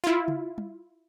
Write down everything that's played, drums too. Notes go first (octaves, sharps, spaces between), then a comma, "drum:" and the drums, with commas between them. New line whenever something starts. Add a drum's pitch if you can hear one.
E4 F4
drum: tom C#3
drum: tom